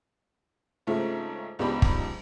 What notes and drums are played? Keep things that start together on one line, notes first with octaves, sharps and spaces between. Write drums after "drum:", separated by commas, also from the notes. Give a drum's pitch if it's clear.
G#2 C#3 A3 C4 F4
C#2 G#2 B3 D4 G4 B5
drum: kick